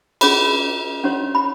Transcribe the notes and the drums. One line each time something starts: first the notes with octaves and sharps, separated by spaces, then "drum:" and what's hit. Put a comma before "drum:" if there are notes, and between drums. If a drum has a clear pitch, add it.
C#4 G#4 C#5 B5, drum: cymbal
C#4 F#4 C#5
B5